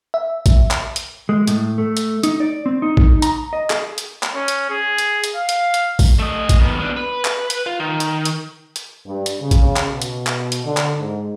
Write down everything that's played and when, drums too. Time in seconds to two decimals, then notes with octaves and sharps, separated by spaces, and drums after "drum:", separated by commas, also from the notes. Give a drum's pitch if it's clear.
0.14 E5
0.46 drum: kick, hi-hat
0.71 drum: clap
0.96 drum: hi-hat
1.29 G#3
1.48 A2, drum: hi-hat
1.78 A3
1.97 drum: hi-hat
2.23 D#4, drum: hi-hat
2.40 D5
2.66 C4
2.82 D#4
2.97 drum: kick
3.22 A#5, drum: hi-hat
3.53 D#5
3.70 G#4, drum: clap
3.98 drum: hi-hat
4.23 drum: clap
4.35 C#4
4.48 drum: hi-hat
4.70 G#4
4.98 drum: hi-hat
5.24 drum: hi-hat
5.36 F5
5.49 drum: hi-hat
5.74 drum: hi-hat
5.99 drum: kick, open hi-hat
6.19 A3 D#5
6.49 drum: kick, hi-hat
6.60 D#3 B3
6.80 B3 D4
6.96 B4
7.25 drum: clap
7.50 drum: hi-hat
7.66 F4
7.80 D#3
8.00 drum: hi-hat
8.25 drum: hi-hat
8.76 drum: hi-hat
9.06 G2
9.26 drum: hi-hat
9.40 C#3
9.51 drum: kick, hi-hat
9.76 drum: clap
9.91 B2
10.02 drum: hi-hat
10.27 drum: clap
10.52 drum: hi-hat
10.65 D3
10.77 drum: clap
10.98 G#2